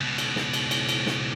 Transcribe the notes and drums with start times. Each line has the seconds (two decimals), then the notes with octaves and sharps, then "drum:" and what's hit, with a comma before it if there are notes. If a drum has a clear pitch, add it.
0.01 C#2 B2
0.18 drum: cymbal
0.36 drum: snare
0.53 drum: cymbal
0.71 drum: cymbal
0.89 drum: cymbal
1.06 drum: snare